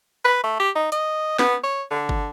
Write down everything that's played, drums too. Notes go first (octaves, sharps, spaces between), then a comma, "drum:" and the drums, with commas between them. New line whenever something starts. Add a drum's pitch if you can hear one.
B4
A3
G4
D#4
D#5, drum: hi-hat
B3, drum: snare
C#5
D3
drum: kick G1